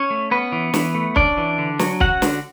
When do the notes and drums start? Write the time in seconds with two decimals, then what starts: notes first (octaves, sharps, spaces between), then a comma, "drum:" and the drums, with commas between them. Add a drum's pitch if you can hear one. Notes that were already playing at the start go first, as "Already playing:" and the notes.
Already playing: C#4 C#5
0.11 A3
0.31 B3 C#4 B4
0.52 E3
0.74 E3, drum: snare
0.95 A3
1.16 C#4 D4 D5, drum: kick
1.37 E3
1.58 D3
1.79 F#3, drum: snare
2.00 C#4 F#4 F#5, drum: kick
2.22 D3, drum: snare